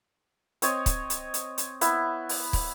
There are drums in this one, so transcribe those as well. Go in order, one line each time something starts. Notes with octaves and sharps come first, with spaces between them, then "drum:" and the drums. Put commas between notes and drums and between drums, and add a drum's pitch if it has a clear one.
C4 C#5 D#5, drum: hi-hat
drum: kick, hi-hat
drum: hi-hat
drum: hi-hat
drum: hi-hat
B3 E4, drum: hi-hat
drum: open hi-hat
drum: kick, open hi-hat